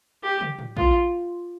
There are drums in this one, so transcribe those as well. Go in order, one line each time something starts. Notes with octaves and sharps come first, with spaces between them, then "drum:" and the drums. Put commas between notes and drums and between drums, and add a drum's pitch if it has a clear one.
G4
drum: tom
drum: tom A2
F4, drum: kick